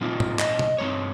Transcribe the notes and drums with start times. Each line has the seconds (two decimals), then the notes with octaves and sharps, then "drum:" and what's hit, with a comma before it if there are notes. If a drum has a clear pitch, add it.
0.01 A#2 G3 C4 D#4 F4
0.20 drum: tom G#2
0.39 D#5, drum: clap
0.59 drum: tom B2
0.78 G2 G3 C4 D#4 C#5